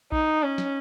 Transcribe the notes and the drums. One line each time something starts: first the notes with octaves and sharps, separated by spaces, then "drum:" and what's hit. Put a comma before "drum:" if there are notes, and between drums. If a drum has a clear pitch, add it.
D#4, drum: kick A#1
C#4
drum: snare